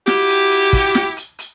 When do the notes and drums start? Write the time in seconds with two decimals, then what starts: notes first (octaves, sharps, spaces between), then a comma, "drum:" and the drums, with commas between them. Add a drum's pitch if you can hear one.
0.07 E4 F#4 G4, drum: snare
0.29 drum: hi-hat
0.51 drum: hi-hat
0.73 drum: kick, hi-hat
0.95 drum: snare
1.17 drum: hi-hat
1.39 drum: hi-hat